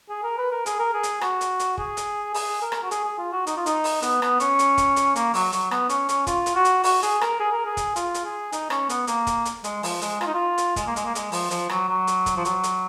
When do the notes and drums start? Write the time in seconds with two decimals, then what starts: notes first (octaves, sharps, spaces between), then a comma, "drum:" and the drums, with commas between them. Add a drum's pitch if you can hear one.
0.09 G#4
0.24 A#4
0.38 B4
0.52 A#4
0.66 G#4, drum: hi-hat
0.79 A#4
0.93 G#4
1.03 drum: hi-hat
1.21 F#4, drum: rim click
1.41 drum: hi-hat
1.59 drum: hi-hat
1.78 G#4, drum: kick
1.97 drum: hi-hat
2.34 G#4, drum: open hi-hat
2.62 A#4
2.72 drum: rim click
2.83 F#4
2.91 G#4, drum: hi-hat
3.05 G#4
3.18 F4
3.32 F#4
3.47 D#4, drum: hi-hat
3.57 F4
3.66 D#4, drum: hi-hat
3.84 drum: open hi-hat
4.02 B3, drum: hi-hat
4.22 B3, drum: rim click
4.40 C#4, drum: hi-hat
4.59 drum: hi-hat
4.78 drum: kick, hi-hat
4.96 drum: hi-hat
5.16 A#3, drum: hi-hat
5.34 F#3, drum: open hi-hat
5.52 F#3, drum: hi-hat
5.71 B3, drum: rim click
5.89 C#4, drum: hi-hat
6.09 C#4, drum: hi-hat
6.27 F4, drum: kick, hi-hat
6.46 drum: hi-hat
6.55 F#4
6.65 drum: hi-hat
6.84 F#4, drum: open hi-hat
7.02 G#4, drum: hi-hat
7.21 A#4, drum: rim click
7.40 G#4
7.52 A#4
7.65 G#4
7.77 drum: kick, hi-hat
7.96 F4, drum: hi-hat
8.14 drum: hi-hat
8.24 G#4
8.52 D#4, drum: hi-hat
8.70 C#4, drum: rim click
8.89 B3, drum: hi-hat
9.07 A#3, drum: hi-hat
9.27 drum: kick, hi-hat
9.45 drum: hi-hat
9.64 G#3, drum: hi-hat
9.83 F3, drum: open hi-hat
10.01 G#3, drum: hi-hat
10.21 F4, drum: rim click
10.27 D#4
10.34 F4
10.58 drum: hi-hat
10.76 G#3, drum: kick, hi-hat
10.87 A#3
10.96 G#3, drum: hi-hat
11.05 A#3
11.15 G#3, drum: hi-hat
11.32 F3, drum: open hi-hat
11.51 F3, drum: hi-hat
11.69 F#3, drum: rim click
11.89 F#3
12.07 drum: hi-hat
12.26 drum: kick, hi-hat
12.37 F3
12.45 F#3, drum: hi-hat
12.63 drum: hi-hat